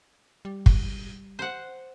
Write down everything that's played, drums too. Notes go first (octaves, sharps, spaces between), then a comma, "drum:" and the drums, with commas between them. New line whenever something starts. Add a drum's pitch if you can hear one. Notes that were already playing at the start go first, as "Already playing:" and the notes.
G3
drum: kick
C5 F#5